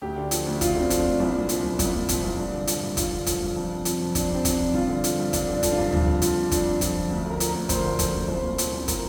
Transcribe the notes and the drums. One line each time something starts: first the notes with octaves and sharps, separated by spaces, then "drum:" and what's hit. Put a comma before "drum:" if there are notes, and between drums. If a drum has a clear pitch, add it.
D2 G4
D3
F3, drum: hi-hat
D2
D2 F4, drum: kick, hi-hat
D3 C4
F3, drum: kick, hi-hat
D4
D2
C2 D4
A#2
F3, drum: hi-hat
C2
C2, drum: kick, hi-hat
A#2
F3, drum: kick, hi-hat
C2
G2
D3
F3, drum: hi-hat
G2
G2 F4, drum: kick, hi-hat
D3
F3, drum: kick, hi-hat
G2
F2
C3
F3, drum: hi-hat
F2
F2 D4, drum: kick, hi-hat
C3 C4
F3, drum: kick, hi-hat
F2 D4
G2 F4
D3
F3, drum: hi-hat
G2
G2 D4, drum: kick, hi-hat
D3
D4
F3, drum: kick, hi-hat
F4
G2
F2, drum: tom D2
D3
F3, drum: hi-hat
F2
F2 D4, drum: kick, hi-hat
D3
F3, drum: kick, hi-hat
F2
D2
D3
A#4
F3, drum: hi-hat
A#4
D2
D2 C5, drum: kick, hi-hat
D3
F3, drum: kick, hi-hat
D2
C2 C5
A#2
F3, drum: hi-hat
C2
A#4, drum: kick, hi-hat